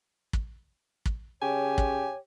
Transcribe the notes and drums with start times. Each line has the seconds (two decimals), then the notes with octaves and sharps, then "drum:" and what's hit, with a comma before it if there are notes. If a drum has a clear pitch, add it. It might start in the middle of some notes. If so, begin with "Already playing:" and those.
0.33 drum: kick
1.06 drum: kick
1.42 C#3 G4 C#5 G#5
1.78 drum: kick